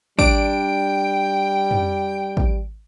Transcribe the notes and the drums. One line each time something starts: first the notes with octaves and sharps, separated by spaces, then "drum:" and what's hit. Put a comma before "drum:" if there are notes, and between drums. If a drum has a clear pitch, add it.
G3 D4 G5 D7, drum: kick
drum: tom
drum: kick